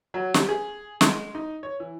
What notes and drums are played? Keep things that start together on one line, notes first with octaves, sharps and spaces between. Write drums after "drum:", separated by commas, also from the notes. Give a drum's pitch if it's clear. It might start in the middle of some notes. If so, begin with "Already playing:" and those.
F#3
G4, drum: snare
G#4
G#3, drum: snare
D#4
C#5
E3